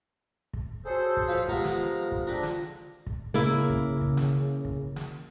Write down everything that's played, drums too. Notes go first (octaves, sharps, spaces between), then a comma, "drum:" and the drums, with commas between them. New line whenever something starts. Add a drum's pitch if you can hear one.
drum: kick
F#4 G#4 A4 C5 C#5 A5
drum: kick
F3 B4 F5
F3 G#3 B3 G4 A4 A#5 F6, drum: kick
drum: snare
drum: kick
C4 D4 F4 G#4 A#4 B4
drum: snare
drum: kick
C#3 A#3 E4
drum: kick
drum: kick
drum: snare
drum: kick
drum: snare